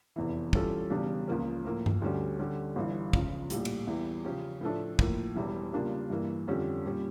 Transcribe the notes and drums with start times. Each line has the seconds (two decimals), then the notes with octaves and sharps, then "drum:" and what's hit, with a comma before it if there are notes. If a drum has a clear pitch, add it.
0.16 F1 E2 E3
0.53 E3 G3 C#4 F4 A4, drum: kick
0.90 E1 E2 C#3 G3 D4
1.28 C#2 C#3 F3 A#3 C#4
1.65 A2 F3 A#3
1.86 drum: tom G2
2.02 D2 D3 G3 C#4
2.39 D3 G3 C#4
2.76 G1 G2 E3
3.13 C#2 C#3 F3, drum: kick
3.50 A#1 A2 G3, drum: hi-hat
3.65 drum: cymbal
3.87 E2 E3 G3
4.25 C#3 F3 C#4 G4
4.61 A2 F3 A3 D4
4.99 A2 F3 A#3, drum: kick
5.36 E1 E2 E3 G3
5.73 C#3 G3 A#3 D4 F4
6.10 G2 E3 A#3
6.48 F2 D3 G3 C#4 G4
6.85 A#2 G3 C#4